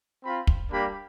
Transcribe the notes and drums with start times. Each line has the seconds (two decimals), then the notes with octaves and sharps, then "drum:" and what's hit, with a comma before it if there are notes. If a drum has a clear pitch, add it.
0.24 C4 F4 B5
0.47 drum: kick
0.71 G3 A#3 D4 G4 B5